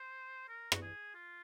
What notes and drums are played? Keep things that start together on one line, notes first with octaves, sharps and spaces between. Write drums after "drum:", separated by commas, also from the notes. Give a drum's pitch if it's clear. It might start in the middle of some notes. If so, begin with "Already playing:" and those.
Already playing: C5
A#4
F#4, drum: rim click
G#4
F4